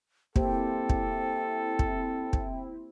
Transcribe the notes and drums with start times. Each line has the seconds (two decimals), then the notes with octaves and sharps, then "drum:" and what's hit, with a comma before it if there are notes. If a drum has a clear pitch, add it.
0.36 A#3 C4 E4 G4 A4 C5 G5, drum: kick
0.89 drum: kick
1.79 drum: kick
2.33 drum: kick